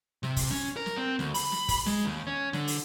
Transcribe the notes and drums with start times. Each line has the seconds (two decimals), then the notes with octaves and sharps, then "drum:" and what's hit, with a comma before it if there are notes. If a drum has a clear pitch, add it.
0.23 C3, drum: snare
0.36 drum: kick, open hi-hat
0.51 C#4, drum: snare
0.77 A#4
0.86 drum: snare
0.97 C4
1.19 D2, drum: snare
1.34 B5, drum: open hi-hat
1.52 drum: snare
1.68 drum: kick, open hi-hat
1.86 G#3, drum: snare
2.05 D#2
2.27 C#4
2.53 D3, drum: snare
2.67 drum: open hi-hat